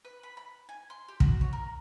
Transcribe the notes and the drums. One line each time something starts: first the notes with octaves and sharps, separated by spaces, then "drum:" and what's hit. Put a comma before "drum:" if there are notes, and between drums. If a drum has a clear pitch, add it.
B4
B5
B5
G#5
C6
G4
F#4, drum: kick
C#5
A#4